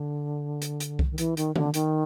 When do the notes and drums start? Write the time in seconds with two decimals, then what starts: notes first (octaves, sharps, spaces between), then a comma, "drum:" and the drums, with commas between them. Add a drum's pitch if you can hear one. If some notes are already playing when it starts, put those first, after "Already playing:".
Already playing: D3
0.62 drum: hi-hat
0.80 drum: hi-hat
0.99 drum: kick C2
1.11 D#3
1.18 E3, drum: hi-hat
1.37 D#3, drum: hi-hat
1.56 D3, drum: tom D#3
1.74 D#3, drum: hi-hat